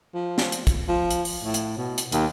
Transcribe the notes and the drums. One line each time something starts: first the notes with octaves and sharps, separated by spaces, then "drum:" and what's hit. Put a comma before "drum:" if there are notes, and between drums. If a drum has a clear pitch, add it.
F3
drum: snare
drum: hi-hat
drum: kick, hi-hat
F3
drum: hi-hat
drum: open hi-hat
A2
drum: hi-hat
B2
drum: hi-hat
D#2, drum: hi-hat